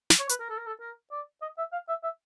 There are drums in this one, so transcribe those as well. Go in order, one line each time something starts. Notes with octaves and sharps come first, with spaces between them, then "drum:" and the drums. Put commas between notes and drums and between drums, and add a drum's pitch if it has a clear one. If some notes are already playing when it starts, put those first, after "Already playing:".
drum: snare
C#5
B4, drum: hi-hat
A#4
A4
A#4
A4
A#4
D5
D#5
E5
F5
E5
E5